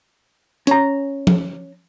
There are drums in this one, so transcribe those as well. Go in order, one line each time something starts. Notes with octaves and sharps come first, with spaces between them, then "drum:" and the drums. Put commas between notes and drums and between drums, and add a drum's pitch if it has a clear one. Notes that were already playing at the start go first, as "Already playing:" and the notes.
C#4 A#5, drum: hi-hat
drum: tom F3